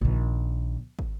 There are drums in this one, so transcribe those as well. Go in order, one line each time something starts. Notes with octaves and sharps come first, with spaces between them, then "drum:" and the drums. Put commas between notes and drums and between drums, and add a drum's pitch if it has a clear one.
A#1 D#3
drum: kick